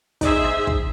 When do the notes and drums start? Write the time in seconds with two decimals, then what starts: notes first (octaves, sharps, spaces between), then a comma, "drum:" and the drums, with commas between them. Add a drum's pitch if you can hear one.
0.21 D#4 G#4 C5 E5, drum: kick, hi-hat
0.44 drum: rim click
0.67 drum: kick